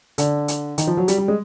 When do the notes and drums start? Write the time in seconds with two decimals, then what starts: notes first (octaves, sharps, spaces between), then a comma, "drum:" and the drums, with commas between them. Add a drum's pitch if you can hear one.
0.18 D3, drum: hi-hat
0.48 drum: hi-hat
0.78 D#3, drum: hi-hat
0.87 F3
0.97 F#3
1.08 G3, drum: hi-hat
1.18 G3
1.28 G#3